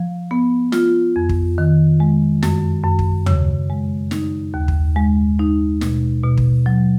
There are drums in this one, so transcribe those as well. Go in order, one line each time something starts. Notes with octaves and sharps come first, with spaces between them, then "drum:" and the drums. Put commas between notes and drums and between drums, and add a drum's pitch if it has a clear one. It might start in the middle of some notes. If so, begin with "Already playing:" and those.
Already playing: F3
B3
F4, drum: snare
F2
drum: kick
D#3
G#3
F#2, drum: snare
F#2
drum: kick
C#3, drum: tom D#2
G#3
D#4, drum: snare
D#2
drum: kick
G#3
D#4
B2, drum: snare
B2
drum: kick
F#3